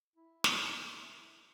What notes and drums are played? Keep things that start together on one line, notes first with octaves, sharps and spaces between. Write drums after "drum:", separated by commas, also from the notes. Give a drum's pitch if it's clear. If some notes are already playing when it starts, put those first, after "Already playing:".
E4
drum: snare